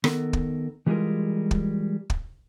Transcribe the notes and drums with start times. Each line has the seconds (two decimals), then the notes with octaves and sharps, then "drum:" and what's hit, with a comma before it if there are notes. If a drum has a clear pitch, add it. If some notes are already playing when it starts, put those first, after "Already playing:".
0.04 D#3 B3 A4 A#4, drum: rim click
0.33 drum: kick
0.86 E3 G3 G#3 F4 G#4 A#4
1.51 drum: kick
2.10 drum: kick